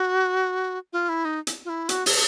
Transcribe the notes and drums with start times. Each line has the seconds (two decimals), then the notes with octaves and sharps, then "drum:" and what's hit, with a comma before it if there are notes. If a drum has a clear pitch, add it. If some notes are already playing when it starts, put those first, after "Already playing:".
Already playing: F#4
0.93 F4
1.09 E4
1.25 D#4
1.47 drum: hi-hat
1.65 F4
1.69 E4
1.89 F#4, drum: hi-hat
2.06 drum: open hi-hat